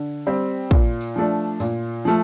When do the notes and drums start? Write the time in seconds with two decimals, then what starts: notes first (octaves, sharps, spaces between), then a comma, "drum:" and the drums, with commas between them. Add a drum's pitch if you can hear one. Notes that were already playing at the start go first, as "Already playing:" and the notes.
Already playing: D3
0.27 G3 C4
0.71 A#2, drum: kick
1.01 drum: tambourine
1.16 F3 A3 D4
1.60 A#2, drum: tambourine
2.05 F3 A3